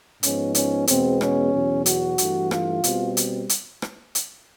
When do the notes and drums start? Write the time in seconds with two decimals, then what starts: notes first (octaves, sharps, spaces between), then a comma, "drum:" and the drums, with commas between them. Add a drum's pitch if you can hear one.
0.23 G#2 F3 G#3 B3 C#4, drum: hi-hat
0.55 C#4, drum: hi-hat
0.87 E2 B2 G#3 B3 C4, drum: hi-hat
1.21 C#4, drum: rim click
1.53 E2 B2 F#3
1.86 F#4, drum: hi-hat
2.18 G2 E3 A3, drum: hi-hat
2.51 F4, drum: rim click
2.84 B2 G3 C4, drum: hi-hat
3.17 drum: hi-hat
3.49 drum: hi-hat
3.82 drum: rim click
4.15 drum: hi-hat